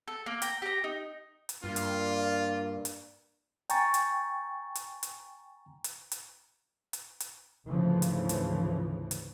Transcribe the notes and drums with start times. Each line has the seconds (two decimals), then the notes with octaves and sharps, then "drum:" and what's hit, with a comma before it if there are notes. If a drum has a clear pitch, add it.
0.08 A4
0.26 A#3
0.42 G5 A#5, drum: hi-hat
0.62 G4 A#5
0.84 D#4
1.49 drum: hi-hat
1.64 G2 A#3 D4 F4
1.76 drum: hi-hat
2.85 drum: hi-hat
3.70 G5 G#5 A#5 C#6 A6, drum: hi-hat
3.94 drum: hi-hat
4.75 drum: hi-hat
5.03 drum: hi-hat
5.84 drum: hi-hat
6.12 drum: hi-hat
6.93 drum: hi-hat
7.20 drum: hi-hat
7.68 D2 G#2 C#3 E3 F3
8.02 drum: hi-hat
8.29 drum: hi-hat
9.11 drum: hi-hat